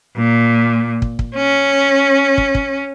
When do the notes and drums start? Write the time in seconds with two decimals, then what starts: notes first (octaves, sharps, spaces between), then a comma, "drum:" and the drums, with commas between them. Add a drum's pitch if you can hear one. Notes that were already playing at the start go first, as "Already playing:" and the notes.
0.17 A#2
1.02 drum: kick
1.19 drum: kick
1.36 C#4
2.38 drum: kick
2.55 drum: kick